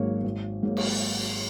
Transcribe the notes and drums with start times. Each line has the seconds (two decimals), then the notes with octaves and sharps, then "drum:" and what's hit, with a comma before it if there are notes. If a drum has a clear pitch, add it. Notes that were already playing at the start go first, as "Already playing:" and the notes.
Already playing: G#1 G#2 F#3 A#3 C#5
0.24 G#1
0.63 G#2 F#3 A#3
0.77 drum: cymbal